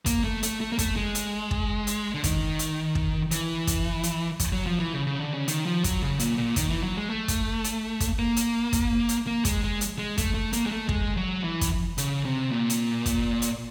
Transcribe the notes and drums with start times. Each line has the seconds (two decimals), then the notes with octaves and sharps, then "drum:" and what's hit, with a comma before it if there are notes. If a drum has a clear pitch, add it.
0.06 A#3, drum: kick, hi-hat
0.24 A3
0.43 A3, drum: hi-hat
0.61 A3
0.72 A#3
0.79 A3, drum: kick, hi-hat
0.97 G#3
1.15 drum: hi-hat
1.51 drum: kick
1.87 drum: hi-hat
2.14 D3
2.24 D#3, drum: kick, hi-hat
2.59 drum: hi-hat
2.95 drum: kick
3.31 E3, drum: hi-hat
3.67 drum: kick, hi-hat
4.03 drum: hi-hat
4.40 drum: kick, hi-hat
4.52 F#3
4.67 F3
4.80 E3
4.94 C#3
5.07 C#3
5.20 D3
5.34 C#3
5.48 D#3, drum: hi-hat
5.66 F3
5.84 F#3, drum: kick, hi-hat
6.02 C#3
6.19 A#2, drum: hi-hat
6.38 A#2
6.56 D#3, drum: kick, hi-hat
6.70 E3
6.83 F#3
6.97 G#3
7.10 A3
7.28 drum: kick, hi-hat
7.64 drum: hi-hat
8.00 drum: kick, hi-hat
8.19 A#3
8.37 drum: hi-hat
8.73 drum: kick, hi-hat
9.09 drum: hi-hat
9.27 A#3
9.45 G#3, drum: kick, hi-hat
9.63 G#3
9.81 drum: hi-hat
9.99 G#3
10.18 A3, drum: kick, hi-hat
10.34 A3
10.53 A#3, drum: hi-hat
10.66 G#3
10.71 A3
10.89 G#3, drum: kick
11.17 F#3
11.44 E3
11.61 drum: kick, hi-hat
11.98 C#3, drum: hi-hat
12.25 C3
12.51 A#2
12.70 drum: hi-hat
13.06 drum: kick, hi-hat
13.42 drum: hi-hat